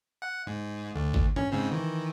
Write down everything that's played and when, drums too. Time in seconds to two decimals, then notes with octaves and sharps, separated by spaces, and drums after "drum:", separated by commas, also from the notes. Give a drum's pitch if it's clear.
0.22 F#5
0.47 G#2
0.95 D2
1.14 drum: kick G#1
1.36 C#4, drum: tom G2
1.52 G#2 C#3 C4
1.71 D#3 E3